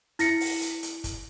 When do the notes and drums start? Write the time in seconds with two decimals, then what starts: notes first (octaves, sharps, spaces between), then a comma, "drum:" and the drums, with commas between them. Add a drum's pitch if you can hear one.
0.19 E4 A#6 C#7, drum: hi-hat
0.40 drum: open hi-hat
0.62 drum: hi-hat
0.83 drum: hi-hat
1.04 drum: kick, hi-hat